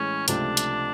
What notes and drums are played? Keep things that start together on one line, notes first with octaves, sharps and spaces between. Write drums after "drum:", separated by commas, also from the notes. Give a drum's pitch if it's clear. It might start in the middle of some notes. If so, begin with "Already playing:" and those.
Already playing: A2 E3 G#3 C#4
C#2 C3 F3 A3 C4 D4, drum: hi-hat
drum: hi-hat